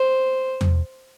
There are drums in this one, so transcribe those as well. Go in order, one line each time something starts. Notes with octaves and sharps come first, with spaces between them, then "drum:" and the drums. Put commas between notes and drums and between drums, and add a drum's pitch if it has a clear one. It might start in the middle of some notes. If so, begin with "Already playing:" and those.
Already playing: C5
drum: tom E2